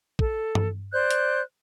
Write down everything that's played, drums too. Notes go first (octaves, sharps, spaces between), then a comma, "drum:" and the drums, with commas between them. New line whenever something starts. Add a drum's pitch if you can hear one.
A4, drum: kick
drum: tom G2
C5 D5 F#6 G6
drum: hi-hat